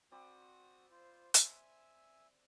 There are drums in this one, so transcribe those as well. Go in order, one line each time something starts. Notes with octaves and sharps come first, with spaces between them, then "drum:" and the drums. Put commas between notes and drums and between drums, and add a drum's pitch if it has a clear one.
C4 F#4 D5 B5 D#6
F4 C5
E5 G#5 E6, drum: hi-hat